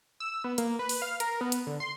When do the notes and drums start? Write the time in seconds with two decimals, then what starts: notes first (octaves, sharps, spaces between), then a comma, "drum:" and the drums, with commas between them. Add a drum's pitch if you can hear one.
0.20 E6
0.44 B3
0.58 A#3, drum: hi-hat
0.79 B4
0.89 drum: open hi-hat
1.02 F5
1.20 A#4, drum: hi-hat
1.41 B3
1.52 drum: hi-hat
1.67 D3
1.80 C6